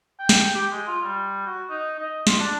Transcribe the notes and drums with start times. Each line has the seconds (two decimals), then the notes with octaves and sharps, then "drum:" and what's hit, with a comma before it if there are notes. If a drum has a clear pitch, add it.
0.19 G5
0.29 drum: snare
0.55 G4
0.72 G#3
0.88 F4
1.03 G3
1.47 F#4
1.70 D#4
1.99 D#5
2.27 F4, drum: snare
2.40 D4